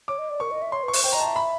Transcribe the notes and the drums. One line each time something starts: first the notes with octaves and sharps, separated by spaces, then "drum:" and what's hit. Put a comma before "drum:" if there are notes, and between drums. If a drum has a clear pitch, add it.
C#5 D6
D#5
D5
A#4 C#6
D#5
E5
C#5 C6
B4
C#6
C5, drum: open hi-hat
C5 G5
D#5 A#5
A5
E5
B5